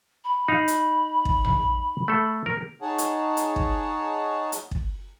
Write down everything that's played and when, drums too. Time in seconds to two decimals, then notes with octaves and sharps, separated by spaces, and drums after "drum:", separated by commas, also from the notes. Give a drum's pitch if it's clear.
0.24 B5
0.48 D#4 F5
0.68 drum: hi-hat
1.25 drum: kick
1.45 drum: tom A#1
2.08 A3 A4
2.46 A#4
2.82 D#4 G#4 C#5 F#5 A5
2.98 drum: hi-hat
3.37 drum: hi-hat
3.56 drum: kick
4.52 drum: hi-hat
4.71 drum: kick